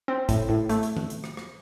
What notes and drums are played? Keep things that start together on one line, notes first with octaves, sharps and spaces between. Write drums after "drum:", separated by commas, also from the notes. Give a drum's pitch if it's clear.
C4
A2, drum: kick A1, hi-hat
A2
A3, drum: hi-hat
drum: hi-hat
drum: tom D#3
drum: hi-hat
drum: rim click
drum: rim click